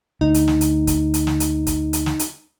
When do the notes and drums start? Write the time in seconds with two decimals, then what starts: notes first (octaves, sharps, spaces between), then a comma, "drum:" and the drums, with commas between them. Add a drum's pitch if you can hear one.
0.21 D2 D#4
0.34 drum: hi-hat
0.48 drum: snare
0.61 drum: hi-hat
0.87 drum: kick, hi-hat
1.14 drum: hi-hat
1.27 drum: snare
1.40 drum: hi-hat
1.67 drum: kick, hi-hat
1.93 drum: hi-hat
2.06 drum: snare
2.19 drum: hi-hat